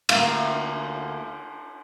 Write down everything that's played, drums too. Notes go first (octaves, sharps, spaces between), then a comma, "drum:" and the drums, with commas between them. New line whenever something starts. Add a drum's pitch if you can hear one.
D2 A#3 E5 F5, drum: cymbal